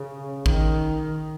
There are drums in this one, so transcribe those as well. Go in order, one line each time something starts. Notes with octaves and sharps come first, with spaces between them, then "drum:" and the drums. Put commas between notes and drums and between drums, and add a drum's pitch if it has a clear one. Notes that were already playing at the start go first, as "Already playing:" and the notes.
Already playing: C#3
D#3, drum: kick A1